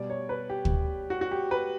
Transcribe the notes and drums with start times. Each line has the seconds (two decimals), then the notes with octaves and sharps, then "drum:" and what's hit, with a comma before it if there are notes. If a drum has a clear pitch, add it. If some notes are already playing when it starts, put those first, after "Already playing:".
Already playing: B2 G3 D5
0.10 C#5
0.29 B4
0.50 G4
0.65 drum: kick
1.10 F#4
1.21 F#4
1.31 G4
1.51 B4